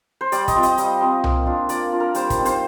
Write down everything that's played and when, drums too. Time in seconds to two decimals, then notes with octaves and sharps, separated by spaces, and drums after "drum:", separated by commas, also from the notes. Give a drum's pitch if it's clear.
0.21 C5
0.32 G3 D5, drum: hi-hat
0.48 D#5, drum: kick, hi-hat
0.55 C4 F4
0.63 D#5, drum: hi-hat
0.78 G3, drum: hi-hat
1.01 C4 F4
1.24 A#3, drum: tom C2
1.46 D4 F4
1.69 A#3 D5, drum: hi-hat
1.92 D4 F4
2.00 A#4
2.15 G3 C5, drum: hi-hat
2.30 C5, drum: kick, hi-hat
2.38 C4 D#4
2.45 C5, drum: hi-hat